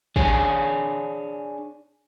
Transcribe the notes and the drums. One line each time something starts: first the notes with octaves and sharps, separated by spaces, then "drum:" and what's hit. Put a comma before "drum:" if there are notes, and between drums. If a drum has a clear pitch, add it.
D4 G#4 C#5, drum: kick